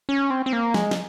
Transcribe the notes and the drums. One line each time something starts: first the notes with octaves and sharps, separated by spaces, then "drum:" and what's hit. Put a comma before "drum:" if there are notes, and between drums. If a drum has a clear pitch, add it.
C#4
C4
C4
A#3
G#3, drum: snare
drum: snare